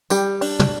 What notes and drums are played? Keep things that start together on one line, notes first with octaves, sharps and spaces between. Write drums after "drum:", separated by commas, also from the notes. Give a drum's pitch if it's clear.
G3 G4, drum: tambourine
D4, drum: open hi-hat
drum: tom